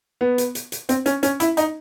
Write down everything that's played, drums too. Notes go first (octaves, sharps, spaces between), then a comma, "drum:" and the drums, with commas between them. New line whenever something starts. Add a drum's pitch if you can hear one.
B3
drum: hi-hat
drum: hi-hat
drum: hi-hat
C4, drum: hi-hat
C#4, drum: hi-hat
C#4, drum: hi-hat
E4, drum: hi-hat
D#4, drum: hi-hat